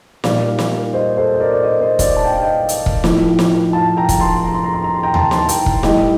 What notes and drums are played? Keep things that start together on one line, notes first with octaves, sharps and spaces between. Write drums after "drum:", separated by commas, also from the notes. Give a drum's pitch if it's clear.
A#2 G3 D5 F5, drum: snare
drum: snare
C5 D#5
A4 C5
D#5
A#4 D5
D5
C5 D#5
C5 D#5
D5 F5, drum: kick E1, hi-hat
A5
G5
F5
D#5 G5
drum: hi-hat
drum: kick E1
A2 F3, drum: snare
drum: snare
F5 A5
G5 A#5
drum: kick E1, hi-hat
A5 C6
A#5
C6
A#5
C6
A#5
C6
G5 A#5
A5 C6, drum: tom D#2
A5 C6, drum: snare
G5 A#5, drum: hi-hat
drum: kick E1
A2 G3 D#5 G5, drum: snare